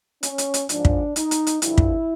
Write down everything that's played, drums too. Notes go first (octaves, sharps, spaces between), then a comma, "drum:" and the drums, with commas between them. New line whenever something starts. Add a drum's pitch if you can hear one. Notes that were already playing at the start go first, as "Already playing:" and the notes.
C#4, drum: hi-hat
drum: hi-hat
drum: hi-hat
G#2 F3 D4, drum: hi-hat
drum: kick
D#4, drum: hi-hat
drum: hi-hat
drum: hi-hat
G2 D3 F3 E4, drum: hi-hat
drum: kick